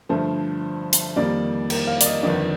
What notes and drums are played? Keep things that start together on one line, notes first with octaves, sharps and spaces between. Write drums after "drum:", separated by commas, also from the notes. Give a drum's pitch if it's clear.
G2 D3 F3 A3 C5
drum: hi-hat
F2 D#3 G3 A#3 D5
A#4, drum: cymbal
F5
D5, drum: hi-hat
D#5
G1 F2 D#3 D5